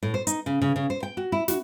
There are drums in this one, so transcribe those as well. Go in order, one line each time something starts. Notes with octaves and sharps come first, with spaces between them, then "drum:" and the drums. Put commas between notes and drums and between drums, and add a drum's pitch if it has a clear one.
A2
C5
D#4, drum: hi-hat
C#3
C#3
C#3
C5
G5
F#4
E4
F#4, drum: snare